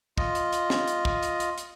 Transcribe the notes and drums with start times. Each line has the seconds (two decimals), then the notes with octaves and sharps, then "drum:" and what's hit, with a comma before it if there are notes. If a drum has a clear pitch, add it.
0.18 F4 D#5, drum: kick
0.35 drum: hi-hat
0.53 drum: hi-hat
0.70 drum: snare
0.88 drum: hi-hat
1.05 drum: kick
1.23 drum: hi-hat
1.40 drum: hi-hat
1.58 drum: hi-hat